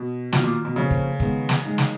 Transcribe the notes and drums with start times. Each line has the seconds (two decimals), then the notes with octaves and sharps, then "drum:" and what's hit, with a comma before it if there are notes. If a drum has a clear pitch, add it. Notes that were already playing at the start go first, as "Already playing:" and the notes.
Already playing: B2
0.32 B2 D#3 A#3 F4, drum: snare
0.43 A#2
0.65 B2
0.76 F2 C#3 F3 A#3 C#4
0.91 drum: kick
1.20 D#3 G#3 B3, drum: kick
1.49 drum: snare
1.63 G#3 D#4 A#4
1.78 drum: snare